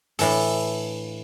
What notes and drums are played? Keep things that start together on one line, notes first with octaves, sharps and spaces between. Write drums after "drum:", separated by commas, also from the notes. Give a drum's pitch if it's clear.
A2 E3 D4 A4, drum: open hi-hat